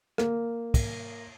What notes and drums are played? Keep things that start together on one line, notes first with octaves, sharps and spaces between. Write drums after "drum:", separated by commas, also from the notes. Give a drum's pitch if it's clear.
A#3, drum: rim click
drum: kick, cymbal